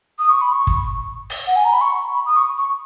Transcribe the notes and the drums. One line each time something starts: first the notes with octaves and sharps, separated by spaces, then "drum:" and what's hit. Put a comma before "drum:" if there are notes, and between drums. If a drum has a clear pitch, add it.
D#6
C#6
B5
C#6
drum: kick
drum: open hi-hat
F#5
G#5
A#5
B5
C#6
B5
D#6
C#6
C#6